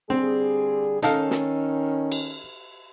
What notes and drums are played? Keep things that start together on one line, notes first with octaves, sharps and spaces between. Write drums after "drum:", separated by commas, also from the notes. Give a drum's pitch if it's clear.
D3 G3 C4 G#4
D#3 C#4 D#4 A4 F5, drum: hi-hat
drum: snare
drum: cymbal